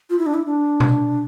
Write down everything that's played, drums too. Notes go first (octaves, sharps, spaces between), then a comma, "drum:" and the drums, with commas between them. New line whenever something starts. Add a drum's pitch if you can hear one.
F4
E4
D4
E4
D4
drum: tom B2